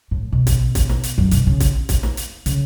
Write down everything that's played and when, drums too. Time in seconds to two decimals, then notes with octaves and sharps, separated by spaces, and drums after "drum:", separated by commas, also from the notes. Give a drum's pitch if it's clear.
0.11 A2
0.32 B2
0.47 drum: kick, hi-hat
0.75 drum: kick, hi-hat
0.89 drum: snare
1.04 drum: hi-hat
1.18 F#2
1.31 B2, drum: hi-hat
1.47 C#3
1.60 drum: kick, hi-hat
1.89 drum: kick, hi-hat
2.03 drum: snare
2.17 drum: hi-hat
2.46 C#3, drum: hi-hat